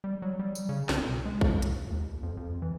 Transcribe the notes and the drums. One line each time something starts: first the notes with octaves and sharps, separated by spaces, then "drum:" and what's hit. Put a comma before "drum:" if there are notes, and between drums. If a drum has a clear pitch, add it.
G3
F#3
G3
drum: tambourine
C#3
C2, drum: snare
B2
G#3
drum: kick
C#2, drum: hi-hat
D#2
F2
F2
E3